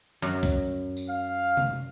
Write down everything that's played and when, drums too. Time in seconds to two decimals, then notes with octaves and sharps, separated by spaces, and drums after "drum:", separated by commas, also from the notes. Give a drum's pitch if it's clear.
0.22 F#2
0.43 drum: kick
0.97 drum: tambourine
1.08 F5
1.57 drum: tom C3